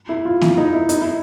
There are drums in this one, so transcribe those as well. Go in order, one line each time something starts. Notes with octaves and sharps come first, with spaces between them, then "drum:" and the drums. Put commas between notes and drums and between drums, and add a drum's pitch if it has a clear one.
E4
F4
E4, drum: snare A#3
D#4
E4
D#4, drum: hi-hat
E4